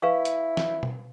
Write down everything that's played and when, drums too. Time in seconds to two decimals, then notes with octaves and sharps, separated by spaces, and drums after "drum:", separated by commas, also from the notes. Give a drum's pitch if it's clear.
0.02 E4 B4 F5 C#6
0.25 drum: hi-hat
0.57 drum: snare
0.83 drum: tom B2